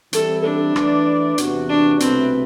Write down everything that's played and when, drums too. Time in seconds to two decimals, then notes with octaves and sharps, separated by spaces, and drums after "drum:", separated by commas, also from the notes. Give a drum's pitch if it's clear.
0.13 E3 G3 C4 E4 A4, drum: hi-hat
0.44 D4
0.76 E3 A3 E4 B4 D5, drum: rim click
1.38 E2 C3 E3 B3 F#4, drum: hi-hat
1.69 D4
2.00 C2 B2 A3 C4 E4 B4, drum: hi-hat